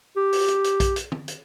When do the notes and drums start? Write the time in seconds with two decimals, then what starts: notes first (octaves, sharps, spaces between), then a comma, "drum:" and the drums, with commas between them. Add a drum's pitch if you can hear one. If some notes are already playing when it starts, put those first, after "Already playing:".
0.17 G4
0.32 drum: open hi-hat
0.48 drum: hi-hat
0.64 drum: hi-hat
0.80 drum: kick A#1, hi-hat
0.96 drum: hi-hat
1.12 drum: tom
1.28 drum: hi-hat